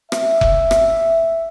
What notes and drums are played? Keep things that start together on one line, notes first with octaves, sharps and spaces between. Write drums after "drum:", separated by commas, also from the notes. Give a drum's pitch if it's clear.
E5, drum: rim click
drum: kick F1
drum: rim click